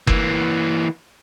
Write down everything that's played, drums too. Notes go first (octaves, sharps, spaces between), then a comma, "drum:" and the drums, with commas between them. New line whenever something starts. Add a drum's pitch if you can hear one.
E3 A#3, drum: kick F#1